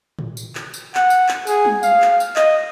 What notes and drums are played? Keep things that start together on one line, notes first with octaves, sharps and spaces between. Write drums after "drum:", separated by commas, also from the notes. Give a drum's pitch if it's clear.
drum: tom A2
drum: tambourine
drum: clap
drum: tambourine
F#5, drum: clap
drum: tambourine
drum: clap
G#4, drum: tambourine
drum: tom G3
F5, drum: tambourine
drum: clap
drum: tambourine
D#5, drum: clap